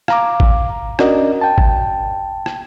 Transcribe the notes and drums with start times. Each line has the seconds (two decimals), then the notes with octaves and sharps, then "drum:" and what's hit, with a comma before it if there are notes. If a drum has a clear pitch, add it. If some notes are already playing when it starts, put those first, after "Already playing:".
0.08 F5 A#5 D6, drum: rim click
0.40 drum: kick G#1
0.99 C#4 D4 F#4 A#4 D5 D#5, drum: rim click
1.41 G5 A5
1.58 drum: kick G#1
2.46 drum: rim click